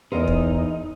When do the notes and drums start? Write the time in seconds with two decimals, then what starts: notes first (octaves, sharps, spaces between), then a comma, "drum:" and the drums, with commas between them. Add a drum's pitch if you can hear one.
0.12 E2 D#4 A#4 C5
0.27 drum: kick